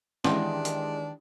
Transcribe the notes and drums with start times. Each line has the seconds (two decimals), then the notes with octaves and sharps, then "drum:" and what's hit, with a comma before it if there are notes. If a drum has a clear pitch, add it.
0.24 D#3 E3 G#3 D4 G4 B4 E5 C6, drum: snare
0.65 drum: hi-hat